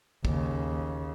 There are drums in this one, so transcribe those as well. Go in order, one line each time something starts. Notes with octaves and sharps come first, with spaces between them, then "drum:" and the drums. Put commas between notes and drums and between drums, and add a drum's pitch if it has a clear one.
D#2 C#3, drum: kick